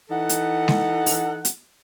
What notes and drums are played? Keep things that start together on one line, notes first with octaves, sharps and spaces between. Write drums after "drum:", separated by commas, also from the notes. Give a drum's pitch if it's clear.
E3 D#4 A4 F#5
drum: hi-hat
drum: snare G#3
drum: open hi-hat
drum: hi-hat